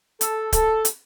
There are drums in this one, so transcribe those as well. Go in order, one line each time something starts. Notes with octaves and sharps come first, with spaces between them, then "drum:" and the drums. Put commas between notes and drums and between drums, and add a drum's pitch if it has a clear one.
A4, drum: hi-hat
A4, drum: kick C#1, hi-hat
drum: hi-hat